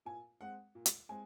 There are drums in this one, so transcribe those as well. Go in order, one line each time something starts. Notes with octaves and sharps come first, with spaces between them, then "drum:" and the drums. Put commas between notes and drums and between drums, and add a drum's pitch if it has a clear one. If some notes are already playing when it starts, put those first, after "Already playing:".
A#2 G#5
G#3 C4 F#5
A#2
drum: hi-hat
G#3 C4 G#5